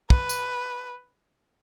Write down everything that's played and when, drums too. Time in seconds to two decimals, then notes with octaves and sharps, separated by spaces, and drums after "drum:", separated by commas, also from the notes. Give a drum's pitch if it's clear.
0.10 B4, drum: kick
0.29 drum: tambourine